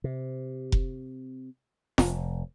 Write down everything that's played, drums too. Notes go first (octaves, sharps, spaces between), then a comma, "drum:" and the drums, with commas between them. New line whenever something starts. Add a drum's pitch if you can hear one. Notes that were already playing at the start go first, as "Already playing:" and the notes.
C3
drum: kick F1
F1, drum: snare